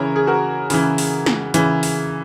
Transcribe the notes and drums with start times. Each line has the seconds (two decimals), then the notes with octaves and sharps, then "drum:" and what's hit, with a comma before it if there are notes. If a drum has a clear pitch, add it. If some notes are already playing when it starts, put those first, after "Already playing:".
Already playing: C#3 E3 A#4 C#5
0.16 G#4
0.27 F#4 A#4
0.70 C#3 E3, drum: open hi-hat
0.98 drum: open hi-hat
1.26 drum: snare
1.54 C#3 E3, drum: hi-hat
1.83 drum: open hi-hat